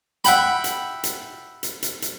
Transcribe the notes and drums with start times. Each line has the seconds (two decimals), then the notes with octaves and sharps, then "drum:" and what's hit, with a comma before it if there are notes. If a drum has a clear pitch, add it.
0.25 E5 F#5 G5 B5, drum: hi-hat
0.64 drum: hi-hat
1.04 drum: hi-hat
1.63 drum: hi-hat
1.83 drum: hi-hat
2.02 drum: hi-hat